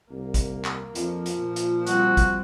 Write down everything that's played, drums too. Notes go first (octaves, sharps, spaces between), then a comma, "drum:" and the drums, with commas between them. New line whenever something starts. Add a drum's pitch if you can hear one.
C2 A#3
drum: kick, hi-hat
drum: clap
F2 F3, drum: hi-hat
drum: hi-hat
A#2
drum: hi-hat
G3 C4 F#4, drum: hi-hat
drum: kick, hi-hat